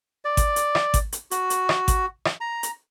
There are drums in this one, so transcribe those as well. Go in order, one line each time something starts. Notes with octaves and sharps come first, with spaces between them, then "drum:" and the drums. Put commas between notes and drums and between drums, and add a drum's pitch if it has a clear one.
D5
drum: kick G#1, hi-hat
drum: hi-hat
drum: rim click
drum: kick G#1, hi-hat
drum: hi-hat
F#4, drum: hi-hat
drum: hi-hat
drum: rim click
drum: kick G#1, hi-hat
drum: rim click
A#5
drum: hi-hat